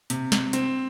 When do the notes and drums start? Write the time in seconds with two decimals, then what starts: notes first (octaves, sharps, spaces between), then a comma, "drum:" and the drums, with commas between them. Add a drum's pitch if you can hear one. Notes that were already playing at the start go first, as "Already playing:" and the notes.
0.10 C3, drum: hi-hat
0.32 drum: snare
0.53 C4, drum: hi-hat